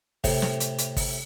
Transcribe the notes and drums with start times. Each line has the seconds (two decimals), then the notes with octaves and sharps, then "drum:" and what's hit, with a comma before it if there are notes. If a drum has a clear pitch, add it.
0.24 A2 C3, drum: kick, open hi-hat
0.42 drum: snare
0.60 drum: hi-hat
0.78 drum: hi-hat
0.97 drum: kick, open hi-hat